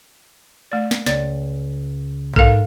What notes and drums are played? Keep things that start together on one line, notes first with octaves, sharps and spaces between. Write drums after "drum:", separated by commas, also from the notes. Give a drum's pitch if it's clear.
A3 D5
drum: snare
C#2 D5, drum: snare
G#2 A4 A#4 F5, drum: kick A#1